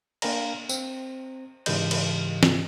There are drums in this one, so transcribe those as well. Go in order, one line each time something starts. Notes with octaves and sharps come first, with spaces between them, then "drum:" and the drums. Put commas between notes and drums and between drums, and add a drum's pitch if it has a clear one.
A#3 D4 F5 G5 G#5 A#5, drum: cymbal
C4, drum: tambourine
G#2 C#3 E3 G4 D#5 G6, drum: cymbal
drum: cymbal
drum: snare